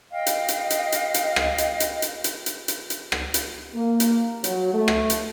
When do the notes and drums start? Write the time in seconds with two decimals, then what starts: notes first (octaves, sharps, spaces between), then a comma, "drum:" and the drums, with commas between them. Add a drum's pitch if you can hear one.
0.12 D#5 F5 G5
0.26 drum: hi-hat
0.48 drum: hi-hat
0.70 drum: hi-hat
0.92 drum: hi-hat
1.14 drum: hi-hat
1.36 drum: rim click
1.58 drum: hi-hat
1.80 drum: hi-hat
2.02 drum: hi-hat
2.24 drum: hi-hat
2.46 drum: hi-hat
2.68 drum: hi-hat
2.90 drum: hi-hat
3.12 drum: rim click
3.34 drum: hi-hat
3.74 A#3
4.00 drum: hi-hat
4.44 F#3, drum: hi-hat
4.74 A3
4.88 drum: rim click
5.10 drum: hi-hat